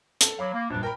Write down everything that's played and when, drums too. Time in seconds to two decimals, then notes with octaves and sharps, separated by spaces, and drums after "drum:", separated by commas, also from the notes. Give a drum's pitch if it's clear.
0.21 A4 A5, drum: hi-hat
0.39 F#3 F5 B5 D6
0.54 A#3
0.70 A#1 G2 D4
0.83 A#4 G5 A#5 B5